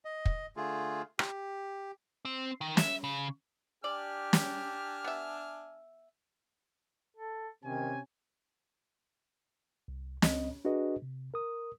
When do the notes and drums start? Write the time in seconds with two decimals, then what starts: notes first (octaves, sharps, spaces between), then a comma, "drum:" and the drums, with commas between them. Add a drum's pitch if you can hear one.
0.05 D#5
0.26 drum: kick
0.56 D3 A3 F4 G#4
1.19 G4, drum: rim click
2.25 C4
2.61 D#3
2.77 E5, drum: snare
3.04 C#3
3.84 D4 G4 D5 G#5 F6
4.33 drum: snare
5.04 B3 E5
7.17 A4
7.64 C3 D#3 C#4 G#5
9.88 C2
10.22 C#2 C4 D#5, drum: snare
10.65 D4 F#4 G#4 B4 D#5
11.02 C3
11.34 A#4 D#6